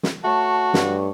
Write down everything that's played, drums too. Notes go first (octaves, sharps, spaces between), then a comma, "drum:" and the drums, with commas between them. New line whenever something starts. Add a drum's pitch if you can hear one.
drum: snare
A3 F#4 C#5 A5
G2, drum: snare